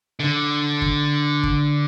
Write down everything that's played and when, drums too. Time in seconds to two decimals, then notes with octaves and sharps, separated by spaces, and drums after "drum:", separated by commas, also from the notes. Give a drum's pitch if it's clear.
0.20 D3
0.82 drum: kick G1
1.43 drum: kick G1